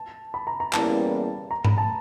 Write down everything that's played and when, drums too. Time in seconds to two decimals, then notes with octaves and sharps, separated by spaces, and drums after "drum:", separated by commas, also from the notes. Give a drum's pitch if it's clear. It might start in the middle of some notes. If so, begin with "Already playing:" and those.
Already playing: A5
0.34 B5
0.47 A#5
0.60 A#5
0.73 E2 C#3 E3 G3 A#3 A5, drum: clap
1.51 A#5
1.65 B5, drum: tom G#2
1.78 A5